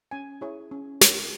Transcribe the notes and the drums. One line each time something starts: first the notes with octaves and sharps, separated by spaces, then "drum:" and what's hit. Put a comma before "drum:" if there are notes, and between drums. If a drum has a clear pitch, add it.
C#4 G#5
E4 G#4 C#5
C#4
G4 A#4 C#5, drum: snare